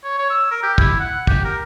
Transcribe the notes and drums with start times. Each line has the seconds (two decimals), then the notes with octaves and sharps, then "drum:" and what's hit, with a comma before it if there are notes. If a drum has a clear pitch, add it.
0.04 C#5
0.18 C#5
0.30 E6
0.51 A#4
0.63 G4
0.78 E4, drum: kick
1.00 F#5
1.27 G4, drum: kick
1.45 A#4